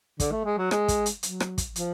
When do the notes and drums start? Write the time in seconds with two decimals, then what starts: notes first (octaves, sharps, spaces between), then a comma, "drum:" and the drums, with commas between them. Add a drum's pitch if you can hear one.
0.20 D3, drum: kick, hi-hat
0.32 A3
0.45 G#3
0.58 F#3
0.71 G#3, drum: rim click
0.88 drum: kick, hi-hat
1.06 drum: hi-hat
1.23 F#3, drum: hi-hat
1.40 drum: rim click
1.58 drum: kick, hi-hat
1.76 F3, drum: hi-hat